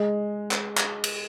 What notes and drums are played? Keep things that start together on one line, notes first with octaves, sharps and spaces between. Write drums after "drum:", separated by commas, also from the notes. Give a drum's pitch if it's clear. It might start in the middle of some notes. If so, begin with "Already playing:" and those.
Already playing: G#3
drum: clap
drum: clap
drum: cymbal